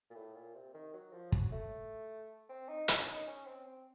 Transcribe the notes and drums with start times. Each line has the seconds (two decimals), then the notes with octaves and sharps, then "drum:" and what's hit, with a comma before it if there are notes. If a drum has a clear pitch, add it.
0.11 A#2
0.15 A2
0.35 A#2
0.54 C3
0.74 D#3
0.94 F#3
1.13 F3
1.32 F#3, drum: kick
1.52 A3
2.49 C4
2.69 D#4
2.88 C#4, drum: hi-hat
3.08 D#4
3.27 C#4
3.47 C4
3.66 C4